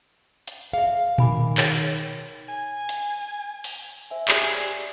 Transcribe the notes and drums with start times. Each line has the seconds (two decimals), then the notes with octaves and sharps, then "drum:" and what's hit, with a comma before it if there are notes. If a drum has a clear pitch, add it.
0.48 drum: hi-hat
0.73 G#4 E5 F5
1.18 D#3 G#5 B5 D6, drum: tom A#2
1.58 G#4 C#5 G5, drum: clap
2.49 G#5
2.89 drum: hi-hat
3.64 drum: open hi-hat
4.10 C5 E5 G#5
4.28 G4 G#4 D5, drum: clap